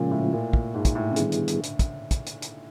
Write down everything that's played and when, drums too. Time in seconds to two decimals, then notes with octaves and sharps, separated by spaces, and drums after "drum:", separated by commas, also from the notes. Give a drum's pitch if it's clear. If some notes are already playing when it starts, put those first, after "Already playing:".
Already playing: A#2 C#3 F3 G#3 C#4 F4
0.11 A2
0.33 A#2
0.53 drum: kick
0.74 G#2
0.85 drum: kick, hi-hat
0.95 A2
1.11 C#3
1.16 D3 D#3 G3 B3 E4 G#4, drum: hi-hat
1.32 drum: hi-hat
1.48 drum: hi-hat
1.64 drum: hi-hat
1.79 drum: kick, hi-hat
2.11 drum: kick, hi-hat
2.27 drum: hi-hat
2.42 drum: hi-hat